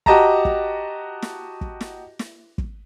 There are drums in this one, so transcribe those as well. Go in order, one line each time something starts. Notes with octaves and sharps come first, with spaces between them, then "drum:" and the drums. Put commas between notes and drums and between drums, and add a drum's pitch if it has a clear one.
F#4 G4 D#5 A5 A#5, drum: kick
drum: kick
drum: snare
drum: kick
drum: snare
drum: snare
drum: kick